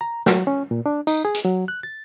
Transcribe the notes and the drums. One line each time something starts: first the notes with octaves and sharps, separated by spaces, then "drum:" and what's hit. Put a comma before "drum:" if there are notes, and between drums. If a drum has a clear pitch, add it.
A#5
F#3, drum: snare
C#4
A#2
D4
D#4, drum: tambourine
G#4
drum: hi-hat
F#3
F#6
A6